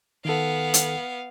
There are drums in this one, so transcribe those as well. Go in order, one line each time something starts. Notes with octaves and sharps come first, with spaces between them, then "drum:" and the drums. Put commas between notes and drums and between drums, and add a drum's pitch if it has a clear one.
D#3 B3 A4 F5
drum: hi-hat